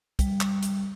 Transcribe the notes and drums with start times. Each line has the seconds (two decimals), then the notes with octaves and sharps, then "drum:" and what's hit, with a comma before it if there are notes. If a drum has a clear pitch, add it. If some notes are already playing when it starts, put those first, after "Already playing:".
0.19 G3, drum: kick, hi-hat
0.41 drum: clap
0.62 drum: hi-hat